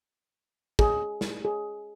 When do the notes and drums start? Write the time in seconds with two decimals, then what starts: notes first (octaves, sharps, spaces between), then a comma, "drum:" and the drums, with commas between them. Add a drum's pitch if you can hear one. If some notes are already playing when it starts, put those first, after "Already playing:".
0.79 G#4, drum: kick
1.21 drum: snare
1.45 G#4